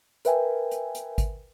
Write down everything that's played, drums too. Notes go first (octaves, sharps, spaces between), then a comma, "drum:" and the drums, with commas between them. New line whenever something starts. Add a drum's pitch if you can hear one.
A#4 B4 E5 G5 G#5, drum: hi-hat
drum: hi-hat
drum: hi-hat
drum: kick G#1, hi-hat